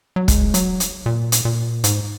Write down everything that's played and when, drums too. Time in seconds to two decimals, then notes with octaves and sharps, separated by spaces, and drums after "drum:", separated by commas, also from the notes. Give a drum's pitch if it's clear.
0.16 F#3
0.28 G#3, drum: kick, hi-hat
0.54 F#3, drum: hi-hat
0.80 drum: hi-hat
1.06 A#2
1.32 drum: hi-hat
1.45 A#2
1.84 G#2, drum: hi-hat